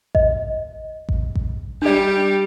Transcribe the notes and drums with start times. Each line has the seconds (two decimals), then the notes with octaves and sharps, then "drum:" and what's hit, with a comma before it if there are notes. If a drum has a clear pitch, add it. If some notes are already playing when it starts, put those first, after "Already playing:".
0.15 D#5, drum: kick A1
1.09 drum: kick A1
1.35 drum: kick A1
1.82 G3 D4 G4 D5